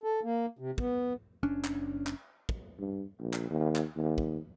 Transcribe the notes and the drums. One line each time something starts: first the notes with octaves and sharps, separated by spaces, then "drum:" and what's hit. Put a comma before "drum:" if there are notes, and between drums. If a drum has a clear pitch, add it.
A4
A#3
C3
B3, drum: kick
F#1 C#4 D4
drum: clap
drum: clap
drum: kick
G2
A#1
drum: clap
D#2
drum: clap
D#2
drum: kick